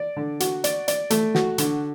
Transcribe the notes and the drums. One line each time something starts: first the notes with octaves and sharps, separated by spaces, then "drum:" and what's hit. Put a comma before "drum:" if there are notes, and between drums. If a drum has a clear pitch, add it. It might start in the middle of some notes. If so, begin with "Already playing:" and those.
Already playing: D5
D3
F#4, drum: hi-hat
D5, drum: hi-hat
D5, drum: hi-hat
A3, drum: hi-hat
F#4, drum: snare
D3, drum: hi-hat